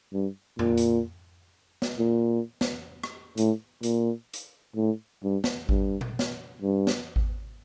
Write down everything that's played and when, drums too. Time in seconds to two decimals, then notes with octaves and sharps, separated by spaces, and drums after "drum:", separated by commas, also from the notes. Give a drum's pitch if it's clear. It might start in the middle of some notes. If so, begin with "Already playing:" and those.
0.13 G2
0.59 A#2, drum: tom F2
0.77 drum: hi-hat
1.82 drum: snare
1.99 A#2
2.61 drum: snare
3.03 drum: rim click
3.37 A2, drum: hi-hat
3.83 A#2, drum: hi-hat
4.33 drum: hi-hat
4.76 A2
5.23 G2
5.44 drum: snare
5.69 G2, drum: kick G#1
6.01 drum: tom A#2
6.19 drum: snare
6.62 G2
6.87 drum: snare
7.16 drum: kick G#1